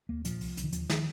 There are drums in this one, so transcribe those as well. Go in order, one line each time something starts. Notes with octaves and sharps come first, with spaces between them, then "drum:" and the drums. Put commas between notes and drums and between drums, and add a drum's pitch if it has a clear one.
D#2 A#3
A#2 F3, drum: hi-hat
C2, drum: open hi-hat
C2, drum: hi-hat
D#3
D#2 F3, drum: hi-hat
D#3, drum: snare